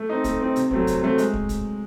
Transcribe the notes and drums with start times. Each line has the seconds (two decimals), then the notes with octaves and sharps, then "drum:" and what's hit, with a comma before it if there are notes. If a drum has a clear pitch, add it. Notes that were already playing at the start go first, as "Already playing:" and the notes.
Already playing: A3
0.09 C4 D#4
0.24 A3, drum: kick, hi-hat
0.41 C4 D#4
0.56 C3, drum: hi-hat
0.71 F#3 A3 C4, drum: kick
0.87 C3, drum: kick, hi-hat
1.02 F#3 A3 C4
1.18 G#3, drum: hi-hat
1.33 drum: kick
1.49 drum: kick, hi-hat